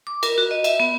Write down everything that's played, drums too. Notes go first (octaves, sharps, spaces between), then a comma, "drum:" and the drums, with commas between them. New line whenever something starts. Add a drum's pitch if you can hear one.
D6
A#4, drum: cymbal
F#4
D#5
E5, drum: cymbal
B3